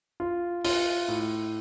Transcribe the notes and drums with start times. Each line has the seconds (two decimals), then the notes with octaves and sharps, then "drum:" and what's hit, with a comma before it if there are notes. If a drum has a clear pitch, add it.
0.20 F4
0.65 F4, drum: open hi-hat
1.08 A2